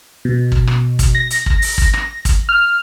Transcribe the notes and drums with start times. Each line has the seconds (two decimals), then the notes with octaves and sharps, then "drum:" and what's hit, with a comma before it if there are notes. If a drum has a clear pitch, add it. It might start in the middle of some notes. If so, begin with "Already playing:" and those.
0.25 B2
0.52 drum: kick
0.67 drum: rim click
0.99 drum: kick, hi-hat
1.15 A#6
1.30 drum: hi-hat
1.46 drum: kick
1.62 drum: open hi-hat
1.78 drum: kick
1.94 drum: rim click
2.25 drum: kick, hi-hat
2.49 F6